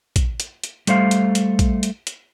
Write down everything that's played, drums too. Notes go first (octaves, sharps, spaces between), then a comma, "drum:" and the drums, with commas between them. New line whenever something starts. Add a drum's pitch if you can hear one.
drum: kick, hi-hat
drum: hi-hat
drum: hi-hat
G3 A3 C5 F5, drum: hi-hat
drum: hi-hat
drum: hi-hat
drum: kick, hi-hat
drum: hi-hat
drum: hi-hat